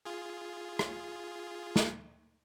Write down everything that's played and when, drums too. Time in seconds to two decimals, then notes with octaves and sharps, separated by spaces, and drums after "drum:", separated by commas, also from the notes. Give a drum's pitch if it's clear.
0.05 F4 G#4
0.79 drum: rim click
1.76 drum: snare